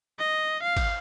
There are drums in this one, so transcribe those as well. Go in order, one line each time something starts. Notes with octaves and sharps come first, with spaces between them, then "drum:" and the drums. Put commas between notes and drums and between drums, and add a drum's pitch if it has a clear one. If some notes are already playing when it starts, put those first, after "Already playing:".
D#5
F5
drum: kick G#1, cymbal